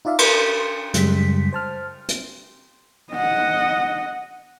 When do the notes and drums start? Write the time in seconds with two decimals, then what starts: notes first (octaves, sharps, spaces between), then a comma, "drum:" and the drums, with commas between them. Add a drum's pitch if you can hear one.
0.05 D#4 F4 D5 E5 F5
0.19 B5 C6, drum: cymbal
0.94 F#2 C#3 G3 G#3 B6, drum: hi-hat
1.53 C5 A5 F6
2.09 drum: hi-hat
3.12 D#5 F#5